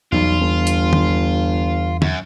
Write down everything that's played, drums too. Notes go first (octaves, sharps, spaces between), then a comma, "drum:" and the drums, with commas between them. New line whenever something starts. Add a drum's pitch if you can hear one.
B1 E2 G3 F4
G1
drum: hi-hat
drum: tom D#3
F#2, drum: tom